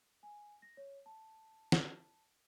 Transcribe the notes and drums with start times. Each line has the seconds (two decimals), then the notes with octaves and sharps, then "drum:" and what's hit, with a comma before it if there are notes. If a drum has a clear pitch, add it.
0.23 G#5
0.62 A#6
0.77 C#5
1.06 A5
1.72 drum: snare